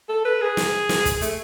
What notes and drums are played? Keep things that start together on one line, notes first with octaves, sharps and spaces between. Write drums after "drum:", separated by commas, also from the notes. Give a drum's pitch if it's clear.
A4
B4
G#4
drum: snare
drum: snare
drum: kick, hi-hat
A3, drum: hi-hat